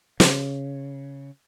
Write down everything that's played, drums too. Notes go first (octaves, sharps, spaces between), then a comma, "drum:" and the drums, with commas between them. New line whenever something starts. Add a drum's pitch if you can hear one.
C#3, drum: snare